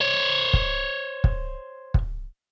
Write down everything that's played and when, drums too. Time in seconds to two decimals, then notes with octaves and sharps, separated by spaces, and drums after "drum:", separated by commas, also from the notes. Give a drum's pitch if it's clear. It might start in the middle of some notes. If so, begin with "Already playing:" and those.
0.01 C5 C#5
0.53 drum: kick
1.24 drum: kick
1.94 drum: kick